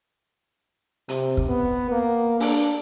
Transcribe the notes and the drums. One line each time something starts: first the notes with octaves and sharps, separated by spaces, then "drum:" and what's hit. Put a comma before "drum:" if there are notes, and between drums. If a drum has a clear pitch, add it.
C3, drum: hi-hat
drum: kick
B3
A#3
D4, drum: open hi-hat